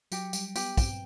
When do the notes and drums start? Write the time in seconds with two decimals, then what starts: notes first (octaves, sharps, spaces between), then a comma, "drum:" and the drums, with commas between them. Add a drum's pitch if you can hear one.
0.12 F#3 G4, drum: tambourine
0.33 G3 G5, drum: tambourine
0.56 B3 G4, drum: tambourine
0.78 C4 G5, drum: kick, tambourine